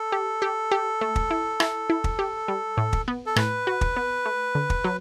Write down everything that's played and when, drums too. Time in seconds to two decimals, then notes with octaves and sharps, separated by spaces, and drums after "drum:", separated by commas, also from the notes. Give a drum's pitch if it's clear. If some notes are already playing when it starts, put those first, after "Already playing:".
Already playing: A4
0.12 G4
0.42 G4
0.71 G4
1.01 A3
1.16 drum: kick
1.31 E4
1.60 E4, drum: rim click
1.90 E4
2.04 drum: kick
2.19 G4
2.48 G3
2.77 A2
2.93 drum: kick
3.08 B3
3.26 A4
3.36 A2 B4, drum: rim click
3.67 F#4
3.81 drum: kick
3.96 B3
4.26 A3
4.55 D3
4.70 drum: kick
4.84 F#3